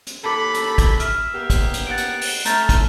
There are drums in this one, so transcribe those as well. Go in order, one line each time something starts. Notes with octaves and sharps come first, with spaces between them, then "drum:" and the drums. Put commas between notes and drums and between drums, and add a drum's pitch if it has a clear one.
drum: hi-hat
D#2 A4 A5 B5 D6
drum: hi-hat
drum: kick, hi-hat
E5 E6 F6, drum: hi-hat
A#3 B3 G4
drum: kick, hi-hat
drum: hi-hat
F#5 A6 D7
drum: hi-hat
drum: open hi-hat
A3 A#5 F6 G6 A6, drum: hi-hat
drum: kick, hi-hat